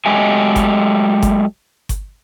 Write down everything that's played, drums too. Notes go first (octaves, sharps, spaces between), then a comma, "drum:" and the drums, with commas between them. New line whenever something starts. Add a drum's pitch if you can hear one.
F#3 G#3 A3 G4 D#5 G#5
drum: kick G1, hi-hat
drum: kick G1, hi-hat
drum: kick G1, hi-hat